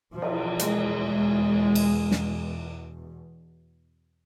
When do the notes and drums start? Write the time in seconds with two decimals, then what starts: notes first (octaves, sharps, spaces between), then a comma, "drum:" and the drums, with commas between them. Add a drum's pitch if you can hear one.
0.13 E2 B2 F3
0.22 drum: cymbal
0.59 G#3, drum: hi-hat
1.07 G#3
1.75 drum: cymbal
2.11 drum: snare